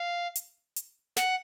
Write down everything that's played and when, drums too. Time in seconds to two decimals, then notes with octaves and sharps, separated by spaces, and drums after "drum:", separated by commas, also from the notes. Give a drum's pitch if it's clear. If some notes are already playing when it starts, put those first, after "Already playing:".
Already playing: F5
0.36 drum: hi-hat
0.76 drum: hi-hat
1.17 F#5, drum: snare